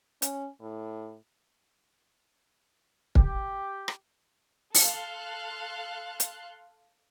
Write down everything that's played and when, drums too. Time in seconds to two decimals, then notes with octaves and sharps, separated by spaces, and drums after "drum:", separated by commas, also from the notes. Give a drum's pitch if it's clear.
0.22 C#4, drum: hi-hat
0.61 A2
3.15 G4, drum: kick
3.88 drum: rim click
4.74 A4 F5 C6 F#6, drum: open hi-hat
6.20 drum: hi-hat